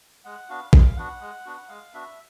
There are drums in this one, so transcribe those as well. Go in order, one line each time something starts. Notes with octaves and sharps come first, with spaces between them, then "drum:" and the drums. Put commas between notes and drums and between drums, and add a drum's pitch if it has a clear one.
G#3 F#5
B3 D4 F#4 F5
G#3 F5, drum: kick
B3 D4 F#4 F#5
G#3
B3 D4 F#4
G#3 F5
B3 D4 F#4 E5